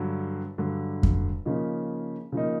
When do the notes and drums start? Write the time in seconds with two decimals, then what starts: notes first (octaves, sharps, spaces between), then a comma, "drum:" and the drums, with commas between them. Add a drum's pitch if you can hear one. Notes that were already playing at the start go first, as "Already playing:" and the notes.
Already playing: G2 D3 F#3
0.58 G2 D3 F#3
1.03 drum: kick F2
1.45 C#3 F3 A#3 D#4
2.32 C#3 F3 A#3 D#4